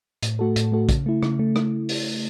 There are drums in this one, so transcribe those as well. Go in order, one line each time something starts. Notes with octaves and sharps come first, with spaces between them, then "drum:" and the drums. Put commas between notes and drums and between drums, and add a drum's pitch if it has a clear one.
A2, drum: hi-hat
A3 F#4 A4
A2, drum: hi-hat
A3 F#4 A4
C#3, drum: kick, hi-hat
A3 E4
C#3, drum: rim click
A3
drum: rim click
drum: open hi-hat